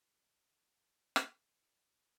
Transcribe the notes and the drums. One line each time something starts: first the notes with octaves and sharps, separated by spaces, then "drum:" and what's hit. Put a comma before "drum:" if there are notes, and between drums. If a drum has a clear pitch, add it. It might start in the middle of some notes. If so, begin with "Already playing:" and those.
G#4 E5
drum: rim click